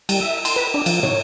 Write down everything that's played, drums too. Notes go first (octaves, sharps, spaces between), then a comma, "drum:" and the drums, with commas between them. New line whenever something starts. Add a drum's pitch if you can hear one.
G3, drum: cymbal
E5
C6, drum: cymbal
B4
D4
F3, drum: cymbal
C#5, drum: tom